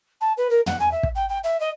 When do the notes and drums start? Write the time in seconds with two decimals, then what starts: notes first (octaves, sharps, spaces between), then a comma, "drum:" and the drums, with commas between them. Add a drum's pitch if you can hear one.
0.21 A5
0.37 B4
0.50 A#4
0.66 F#5, drum: tom
0.80 G#5
0.91 E5
1.03 drum: kick
1.15 G5
1.29 G5
1.44 E5
1.60 D#5